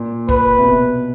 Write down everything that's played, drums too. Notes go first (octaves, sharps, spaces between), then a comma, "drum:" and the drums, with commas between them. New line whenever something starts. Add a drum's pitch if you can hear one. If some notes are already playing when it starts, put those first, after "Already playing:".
Already playing: A#2
B4, drum: kick
C3
B2